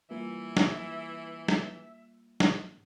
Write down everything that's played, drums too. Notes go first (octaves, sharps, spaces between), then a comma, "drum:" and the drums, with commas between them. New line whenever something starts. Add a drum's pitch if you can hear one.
E3 G3 A#3 F4 E5
drum: snare
drum: snare
drum: snare